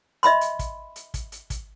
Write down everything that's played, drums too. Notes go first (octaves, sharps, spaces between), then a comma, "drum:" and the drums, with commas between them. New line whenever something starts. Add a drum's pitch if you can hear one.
D#5 E5 B5 C6, drum: hi-hat
drum: hi-hat
drum: kick, hi-hat
drum: hi-hat
drum: kick, hi-hat
drum: hi-hat
drum: kick, hi-hat